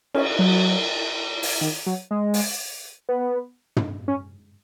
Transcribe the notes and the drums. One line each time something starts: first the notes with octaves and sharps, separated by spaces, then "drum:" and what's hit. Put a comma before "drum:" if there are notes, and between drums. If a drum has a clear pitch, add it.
C#4, drum: cymbal
F#3
drum: open hi-hat
D#3
F#3
G#3
drum: open hi-hat
B3
drum: tom
C#4